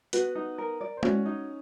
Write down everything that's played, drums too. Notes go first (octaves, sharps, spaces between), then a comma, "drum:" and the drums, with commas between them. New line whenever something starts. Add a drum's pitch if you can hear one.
B3 F#4 B4, drum: hi-hat
D#4
A#4
D5
C5
C#4 F#4 C#5, drum: tom G#3
D#4